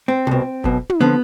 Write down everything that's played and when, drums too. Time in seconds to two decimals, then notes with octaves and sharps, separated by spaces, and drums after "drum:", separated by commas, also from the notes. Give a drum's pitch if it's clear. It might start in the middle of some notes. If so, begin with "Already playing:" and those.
0.08 C4
0.27 C2 B2
0.64 B1 B2, drum: kick F#1
0.90 drum: tom
1.01 D3 F3 B3